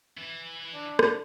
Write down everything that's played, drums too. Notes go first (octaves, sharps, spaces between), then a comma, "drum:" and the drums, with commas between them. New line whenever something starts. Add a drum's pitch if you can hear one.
E3 E4
D4
drum: rim click